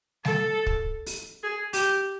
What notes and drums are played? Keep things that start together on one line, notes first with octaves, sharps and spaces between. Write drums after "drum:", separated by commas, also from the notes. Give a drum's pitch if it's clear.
A4, drum: snare G3
drum: kick
drum: open hi-hat
G#4
G4, drum: open hi-hat